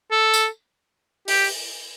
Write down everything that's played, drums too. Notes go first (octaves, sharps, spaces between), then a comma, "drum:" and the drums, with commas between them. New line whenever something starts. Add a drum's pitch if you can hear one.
A4
drum: tambourine
G4, drum: open hi-hat